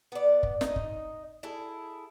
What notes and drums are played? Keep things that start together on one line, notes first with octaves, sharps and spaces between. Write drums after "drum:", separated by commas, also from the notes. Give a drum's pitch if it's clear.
B3 D5
drum: kick F#1
D#4 D#5, drum: snare
drum: kick F#1
E4 G#4 A4